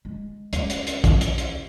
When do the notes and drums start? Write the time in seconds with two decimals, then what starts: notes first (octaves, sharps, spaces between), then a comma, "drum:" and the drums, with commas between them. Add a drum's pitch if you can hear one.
0.05 G#3
0.53 C#2, drum: hi-hat
0.70 drum: hi-hat
0.87 drum: hi-hat
1.04 drum: kick, hi-hat
1.21 drum: hi-hat
1.38 drum: hi-hat